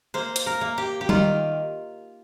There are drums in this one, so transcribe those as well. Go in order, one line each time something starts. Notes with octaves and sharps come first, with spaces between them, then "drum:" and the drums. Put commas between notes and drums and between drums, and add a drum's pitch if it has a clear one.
A#3 C5
drum: hi-hat
A#4
A#3
G4
G4
D#3 F4, drum: tom G3